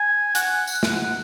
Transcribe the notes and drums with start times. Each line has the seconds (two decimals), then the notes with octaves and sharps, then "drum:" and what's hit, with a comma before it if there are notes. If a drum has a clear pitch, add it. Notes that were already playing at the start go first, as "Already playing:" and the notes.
Already playing: G#5
0.35 F#5, drum: hi-hat
0.67 drum: tambourine
0.83 drum: snare